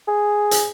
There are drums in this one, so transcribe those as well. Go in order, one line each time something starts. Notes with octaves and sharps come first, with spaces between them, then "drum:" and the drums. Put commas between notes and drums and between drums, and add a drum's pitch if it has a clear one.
G#4
drum: hi-hat